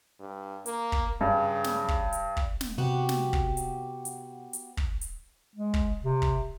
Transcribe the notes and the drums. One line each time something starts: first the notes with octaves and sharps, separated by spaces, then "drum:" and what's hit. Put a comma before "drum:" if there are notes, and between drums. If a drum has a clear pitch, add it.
G2
A#3, drum: hi-hat
drum: kick
G2 C#3
drum: snare
drum: kick
drum: hi-hat
drum: kick
drum: snare
C3 B3 F#4 G4
drum: snare
drum: kick
drum: hi-hat
drum: hi-hat
drum: hi-hat
drum: kick
drum: hi-hat
G#3
drum: kick
C3
drum: kick